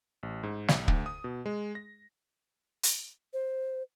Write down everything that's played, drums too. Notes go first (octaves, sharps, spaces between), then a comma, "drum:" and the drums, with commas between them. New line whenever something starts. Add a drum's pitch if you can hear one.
A1
G#2
B1, drum: snare
D2, drum: kick
D#6
B2
G#3
A#6
drum: hi-hat
C5